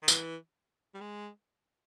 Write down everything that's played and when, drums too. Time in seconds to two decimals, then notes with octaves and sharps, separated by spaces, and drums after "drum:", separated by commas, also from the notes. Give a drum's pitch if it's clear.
0.02 D#3
0.08 E3, drum: tambourine
0.94 G3
1.01 G#3